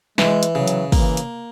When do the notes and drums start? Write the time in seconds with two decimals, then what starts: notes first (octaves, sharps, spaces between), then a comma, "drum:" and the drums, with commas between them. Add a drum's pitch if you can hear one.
0.18 E3 G#3, drum: snare
0.43 drum: hi-hat
0.55 C#3 F#3
0.68 drum: hi-hat
0.92 E3 A#3, drum: kick, open hi-hat
1.17 drum: hi-hat